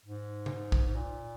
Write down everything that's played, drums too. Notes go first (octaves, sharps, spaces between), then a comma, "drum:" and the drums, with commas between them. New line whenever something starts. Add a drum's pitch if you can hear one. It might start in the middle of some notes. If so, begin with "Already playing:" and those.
G#2
drum: tom C3
drum: kick
G#2
A#2